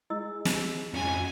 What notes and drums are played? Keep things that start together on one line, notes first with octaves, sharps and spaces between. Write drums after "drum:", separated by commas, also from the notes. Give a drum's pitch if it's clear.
G#3 E4 D#5 E6
drum: snare
F2 C#4 G#5